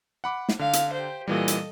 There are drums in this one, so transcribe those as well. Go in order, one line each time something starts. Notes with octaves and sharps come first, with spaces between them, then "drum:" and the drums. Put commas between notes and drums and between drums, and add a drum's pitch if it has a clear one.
F#5 B5 D6
drum: snare
D3 F5
drum: hi-hat
G4 C5
A#2 E3 G3 A4 D#5
drum: hi-hat